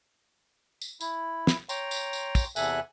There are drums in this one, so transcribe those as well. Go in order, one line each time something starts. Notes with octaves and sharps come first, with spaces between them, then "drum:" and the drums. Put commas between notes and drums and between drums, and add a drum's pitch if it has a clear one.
drum: tambourine
E4, drum: tambourine
drum: snare
C#5 G5 A#5 C6, drum: tambourine
drum: tambourine
drum: tambourine
drum: kick, tambourine
E2 C3 A4 E5 G#5 F#6, drum: tambourine